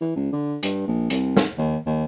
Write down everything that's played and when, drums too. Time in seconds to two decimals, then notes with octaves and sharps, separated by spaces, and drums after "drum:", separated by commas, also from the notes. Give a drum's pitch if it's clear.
0.01 E3
0.16 C#2
0.33 D3
0.63 G2, drum: hi-hat
0.87 A#1
1.10 C2, drum: hi-hat
1.37 drum: snare
1.58 D#2
1.86 D#2